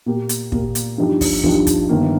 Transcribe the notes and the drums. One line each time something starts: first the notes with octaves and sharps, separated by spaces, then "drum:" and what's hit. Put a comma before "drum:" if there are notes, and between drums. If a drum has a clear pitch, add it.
A#2 A#3 G4
drum: hi-hat
A#2 A#3 G4, drum: kick
drum: hi-hat
G2 F3 D#4 G4
drum: kick, open hi-hat
G2 F3 D#4 G4, drum: kick
drum: kick, hi-hat
G1 G2 D#3 A#3